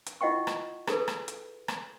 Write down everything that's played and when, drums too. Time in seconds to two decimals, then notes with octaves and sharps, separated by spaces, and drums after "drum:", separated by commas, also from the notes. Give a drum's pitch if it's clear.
0.06 drum: hi-hat
0.21 E4 F4 D#5 F#5 G5 C#6
0.47 drum: rim click
0.87 G#4 A4 B4, drum: rim click
1.08 drum: rim click
1.28 drum: hi-hat
1.68 drum: rim click